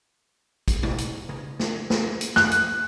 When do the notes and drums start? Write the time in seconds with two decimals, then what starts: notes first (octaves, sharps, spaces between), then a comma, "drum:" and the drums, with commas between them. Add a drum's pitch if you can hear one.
0.68 drum: kick, hi-hat
0.83 drum: tom
0.98 drum: hi-hat
1.29 drum: tom C#3
1.60 drum: snare
1.90 drum: snare
2.21 drum: hi-hat
2.36 F#6, drum: snare
2.51 drum: hi-hat